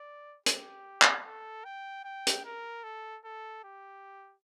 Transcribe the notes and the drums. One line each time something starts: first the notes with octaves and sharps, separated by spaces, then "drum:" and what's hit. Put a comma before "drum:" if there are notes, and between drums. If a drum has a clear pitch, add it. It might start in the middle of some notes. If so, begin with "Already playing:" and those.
Already playing: D5
G4, drum: hi-hat
drum: clap
A4
G5
G5
drum: hi-hat
A#4
A4
A4
G4